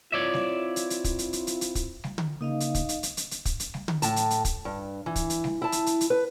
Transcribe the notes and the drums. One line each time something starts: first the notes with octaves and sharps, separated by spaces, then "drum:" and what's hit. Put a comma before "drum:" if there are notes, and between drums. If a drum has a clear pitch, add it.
C4 E4 F4 C#5 D5 E5
drum: snare G3
drum: hi-hat
drum: hi-hat
drum: kick, hi-hat
drum: hi-hat
drum: hi-hat
drum: hi-hat
drum: hi-hat
drum: kick, hi-hat
drum: snare G3
drum: tom D3
C#3 A#3 D#4 D#5 F5
drum: hi-hat
drum: kick, hi-hat
drum: hi-hat
drum: hi-hat
drum: hi-hat
drum: hi-hat
drum: kick, hi-hat
drum: hi-hat
drum: snare G3
drum: tom D3
A2 A5, drum: hi-hat
drum: hi-hat
drum: hi-hat
drum: kick, hi-hat
G2
E3
drum: kick, hi-hat
drum: hi-hat
drum: snare G3
E4 A5
drum: hi-hat
drum: hi-hat
drum: hi-hat
B4